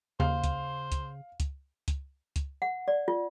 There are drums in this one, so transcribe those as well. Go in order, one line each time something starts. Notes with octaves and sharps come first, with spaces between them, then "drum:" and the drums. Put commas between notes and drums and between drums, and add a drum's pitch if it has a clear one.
D#2 C#3 C5 F5
drum: kick C#2, hi-hat
drum: kick C#2, hi-hat
drum: kick C#2, hi-hat
drum: kick C#2, hi-hat
drum: kick C#2, hi-hat
F#5
D5
F4